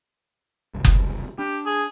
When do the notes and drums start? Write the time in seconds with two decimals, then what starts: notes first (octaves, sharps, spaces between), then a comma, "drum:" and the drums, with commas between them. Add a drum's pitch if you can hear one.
0.74 F#1 C2
0.85 drum: kick F#1
1.39 D4 G4
1.66 G#4